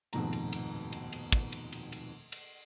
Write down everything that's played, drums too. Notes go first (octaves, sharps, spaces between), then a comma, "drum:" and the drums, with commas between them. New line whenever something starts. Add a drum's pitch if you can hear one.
D#1 F2 G#2 B2 A3 A#5, drum: cymbal
drum: cymbal
drum: cymbal
drum: cymbal
drum: cymbal
drum: kick, cymbal
drum: cymbal
drum: cymbal
drum: cymbal
drum: cymbal